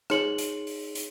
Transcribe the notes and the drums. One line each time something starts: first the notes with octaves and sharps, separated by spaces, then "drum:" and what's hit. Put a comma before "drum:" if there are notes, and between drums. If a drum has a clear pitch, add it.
D#4 G#4 C#5 C6 C#7 F#7, drum: rim click
drum: hi-hat
drum: open hi-hat
drum: hi-hat